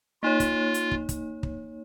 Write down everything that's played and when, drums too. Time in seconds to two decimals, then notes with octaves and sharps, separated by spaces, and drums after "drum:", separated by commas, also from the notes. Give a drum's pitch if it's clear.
0.23 A#3 D#4 F4 C#5
0.40 drum: kick, hi-hat
0.74 drum: hi-hat
0.91 drum: kick
1.09 drum: kick, hi-hat
1.43 drum: kick